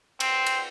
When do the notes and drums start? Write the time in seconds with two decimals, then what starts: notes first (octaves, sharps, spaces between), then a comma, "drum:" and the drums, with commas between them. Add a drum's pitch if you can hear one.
0.20 C4, drum: cymbal
0.46 drum: cymbal